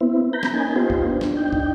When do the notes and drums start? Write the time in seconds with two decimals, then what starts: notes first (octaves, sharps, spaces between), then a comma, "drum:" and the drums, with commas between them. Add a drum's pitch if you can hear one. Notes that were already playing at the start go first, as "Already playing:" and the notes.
0.01 B3 C4 E4
0.33 A#5 B5 G6
0.43 drum: snare
0.53 A#3 C#4 D#4 G#5
0.76 B3 D#4 F4 G4 C5
0.90 drum: kick
1.10 D4
1.21 drum: snare
1.37 D4 D#4 G5
1.53 drum: kick